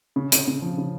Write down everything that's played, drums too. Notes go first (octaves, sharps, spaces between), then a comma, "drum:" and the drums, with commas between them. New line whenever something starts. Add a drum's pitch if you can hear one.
C#3
C#3, drum: hi-hat
C#3
F3
C#3